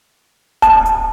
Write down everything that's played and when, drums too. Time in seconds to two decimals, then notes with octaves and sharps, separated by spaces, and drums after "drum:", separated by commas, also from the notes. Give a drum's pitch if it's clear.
0.62 A5, drum: kick D1, hi-hat
0.86 drum: hi-hat